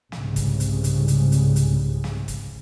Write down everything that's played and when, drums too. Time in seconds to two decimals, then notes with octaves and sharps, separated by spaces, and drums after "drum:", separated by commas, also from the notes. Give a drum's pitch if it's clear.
0.12 C2 G#2 C#3, drum: snare
0.36 drum: kick, hi-hat
0.60 drum: hi-hat
0.84 drum: hi-hat
1.08 drum: hi-hat
1.32 drum: hi-hat
1.56 drum: hi-hat
2.04 drum: snare
2.28 drum: kick, hi-hat